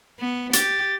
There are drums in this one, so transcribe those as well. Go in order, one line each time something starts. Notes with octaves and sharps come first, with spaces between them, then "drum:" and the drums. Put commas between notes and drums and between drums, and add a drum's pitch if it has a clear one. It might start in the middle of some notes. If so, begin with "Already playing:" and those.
B3
G4 A6, drum: hi-hat